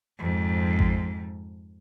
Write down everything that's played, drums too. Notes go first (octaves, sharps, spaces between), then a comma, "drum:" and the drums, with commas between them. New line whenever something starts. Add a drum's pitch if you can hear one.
F2 G#2
drum: kick A1